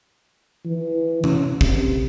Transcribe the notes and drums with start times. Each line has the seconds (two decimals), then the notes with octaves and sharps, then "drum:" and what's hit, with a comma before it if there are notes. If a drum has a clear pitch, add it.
0.66 E3
1.24 C#4, drum: tom C3
1.61 C3, drum: kick